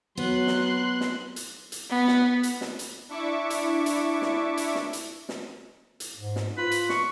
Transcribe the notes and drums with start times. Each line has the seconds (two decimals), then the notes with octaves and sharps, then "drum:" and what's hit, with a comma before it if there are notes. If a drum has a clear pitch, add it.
0.17 F#3 B3 C6 F#6
0.47 drum: snare
1.01 drum: snare
1.36 drum: hi-hat
1.72 drum: hi-hat
1.90 B3
2.08 drum: snare
2.43 drum: hi-hat
2.61 drum: snare
2.79 drum: hi-hat
3.09 D4 E4 E5 C#6 D6
3.50 drum: hi-hat
3.86 drum: hi-hat
4.22 drum: snare
4.57 drum: hi-hat
4.75 drum: snare
4.93 drum: hi-hat
5.29 drum: snare
6.00 drum: hi-hat
6.16 G#2
6.36 drum: snare
6.57 F4 B4
6.71 drum: hi-hat
6.89 C#6, drum: snare